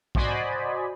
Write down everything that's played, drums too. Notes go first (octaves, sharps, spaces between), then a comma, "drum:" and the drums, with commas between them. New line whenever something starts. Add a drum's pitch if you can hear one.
F#4 C5 D5 D#5 G#5 B5, drum: kick